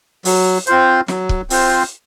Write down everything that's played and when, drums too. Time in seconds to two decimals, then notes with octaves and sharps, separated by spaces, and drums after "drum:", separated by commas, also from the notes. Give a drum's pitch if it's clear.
0.25 F#3, drum: open hi-hat
0.67 C4 F4 C5, drum: hi-hat
1.08 F#3, drum: snare
1.29 drum: kick
1.50 C4 F4 C5, drum: open hi-hat